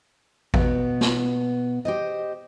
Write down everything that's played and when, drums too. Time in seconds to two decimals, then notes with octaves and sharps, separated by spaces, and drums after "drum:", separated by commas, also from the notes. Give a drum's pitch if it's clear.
0.54 B2 B3, drum: kick G#1
1.01 drum: snare
1.85 G4 C5 D#5